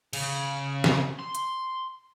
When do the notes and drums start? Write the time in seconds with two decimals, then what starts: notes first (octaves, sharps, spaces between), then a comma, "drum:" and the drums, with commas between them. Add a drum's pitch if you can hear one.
0.13 C#3, drum: cymbal
0.84 drum: snare
1.19 C6
1.35 drum: hi-hat